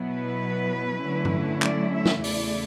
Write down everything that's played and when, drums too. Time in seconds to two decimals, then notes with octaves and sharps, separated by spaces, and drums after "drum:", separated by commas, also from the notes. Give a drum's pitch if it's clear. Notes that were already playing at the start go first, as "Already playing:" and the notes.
Already playing: B2 F#3 B3 E4
0.09 B4
1.01 D3 F#3 A3 C#4 E4
1.25 drum: tom G2
1.62 D5, drum: clap
1.94 E5
2.05 drum: snare
2.24 E2 C#3 E3 A3 E4 D5, drum: open hi-hat